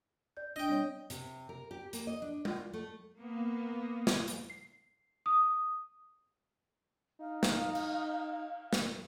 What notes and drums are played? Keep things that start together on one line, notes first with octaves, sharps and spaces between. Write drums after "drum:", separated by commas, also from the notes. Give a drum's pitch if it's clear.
D5 G6
D4 D#5 G5
G3 C4 C#5
C3, drum: hi-hat
A#4
G4
A#3, drum: hi-hat
D#5
D4
F4, drum: tom G#3
A3
A#3 B3
drum: snare
drum: hi-hat
C7
D#6
D#4 F5
drum: snare
drum: cymbal
drum: snare